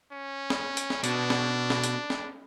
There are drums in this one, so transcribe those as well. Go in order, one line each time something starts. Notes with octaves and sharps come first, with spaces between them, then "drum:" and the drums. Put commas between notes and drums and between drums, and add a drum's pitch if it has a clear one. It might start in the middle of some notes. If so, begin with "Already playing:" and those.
C#4
drum: snare
drum: hi-hat
drum: snare
B2 D4, drum: hi-hat
drum: snare
drum: snare
drum: hi-hat
drum: snare